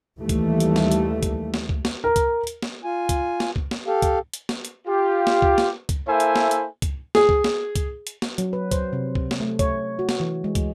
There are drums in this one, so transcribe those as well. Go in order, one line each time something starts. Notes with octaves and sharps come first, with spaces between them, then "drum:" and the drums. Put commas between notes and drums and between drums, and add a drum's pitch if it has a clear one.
D#2 E3 G3 A3
drum: kick, hi-hat
drum: hi-hat
drum: snare
drum: hi-hat
drum: kick, hi-hat
drum: snare
drum: kick
drum: snare
A#4
drum: kick, hi-hat
drum: hi-hat
drum: snare
F4 G#5
drum: kick, hi-hat
drum: snare
drum: kick
drum: snare
G4 A4 F5
drum: kick, hi-hat
drum: hi-hat
drum: snare
drum: hi-hat
F4 G4
drum: snare
drum: kick
drum: snare
drum: kick, hi-hat
A#3 E4 A4 C5 E5 G#5
drum: hi-hat
drum: snare
drum: hi-hat
drum: kick, hi-hat
G#4, drum: snare
drum: kick
drum: snare
drum: kick, hi-hat
drum: hi-hat
drum: snare
F#3, drum: hi-hat
B4
C5, drum: kick, hi-hat
C3
drum: kick
drum: snare
A3
C#5, drum: kick, hi-hat
F#4
drum: snare
E3
G#3
drum: kick, hi-hat